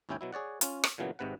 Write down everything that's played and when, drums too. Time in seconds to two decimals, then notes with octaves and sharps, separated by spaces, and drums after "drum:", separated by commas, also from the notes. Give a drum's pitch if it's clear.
0.09 G#1 D#2 C#4 E4 G5 G#5
0.21 B2 F#3 E4
0.33 G#4 C#5 D5 F#5
0.61 C#4 F4, drum: hi-hat
0.84 drum: rim click
0.98 A#2 C#3 E3 F#3 B3
1.19 G#1 G#2 C3 B4 F#5